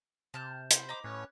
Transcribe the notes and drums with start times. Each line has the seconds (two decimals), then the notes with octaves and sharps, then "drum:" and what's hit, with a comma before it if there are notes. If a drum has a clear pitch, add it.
0.34 C3 A5 F6 G6
0.71 C5 B5, drum: hi-hat
0.89 D#5 A#5 D6
1.04 A2 C#4 B4 C#5